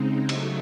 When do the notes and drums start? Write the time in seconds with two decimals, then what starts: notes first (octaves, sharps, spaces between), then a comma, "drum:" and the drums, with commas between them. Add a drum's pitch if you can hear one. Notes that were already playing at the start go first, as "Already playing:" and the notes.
Already playing: C#3 G#3 C4 D#4
0.29 C#3 F#3 A3, drum: cymbal